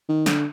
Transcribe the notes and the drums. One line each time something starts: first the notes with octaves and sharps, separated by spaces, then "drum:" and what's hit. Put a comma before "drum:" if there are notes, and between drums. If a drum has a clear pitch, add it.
D#3
D3, drum: snare